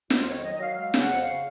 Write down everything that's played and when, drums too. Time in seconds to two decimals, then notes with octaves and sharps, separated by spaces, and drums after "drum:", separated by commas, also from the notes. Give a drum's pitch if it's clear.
0.10 F2 F4, drum: snare
0.27 D#3 C#5
0.43 F#3 D#5
0.54 D#5
0.60 F#3 F5
0.76 G#3 F5
0.94 C#3, drum: snare
0.99 F#5
1.10 F2
1.21 F5
1.27 C#3